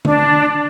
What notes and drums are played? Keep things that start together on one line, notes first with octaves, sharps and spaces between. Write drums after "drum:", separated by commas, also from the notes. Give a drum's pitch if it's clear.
D4, drum: tom D3